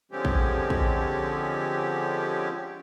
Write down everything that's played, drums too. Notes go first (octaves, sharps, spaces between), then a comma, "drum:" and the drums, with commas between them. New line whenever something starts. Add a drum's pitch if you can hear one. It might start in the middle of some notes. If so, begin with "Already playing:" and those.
D3 F3 G#3 C4 C#4 G4
drum: kick A#1
drum: kick A#1